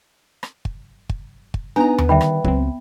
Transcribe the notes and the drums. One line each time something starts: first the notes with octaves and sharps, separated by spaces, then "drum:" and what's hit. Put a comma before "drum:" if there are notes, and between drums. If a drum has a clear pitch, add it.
drum: rim click
drum: kick
drum: kick
drum: kick
B3 D4 D#4 G#5 A#5
drum: tom D#2
D3 D#3 G3 E5 G5 B5
drum: rim click
C#2 F#3 C4, drum: kick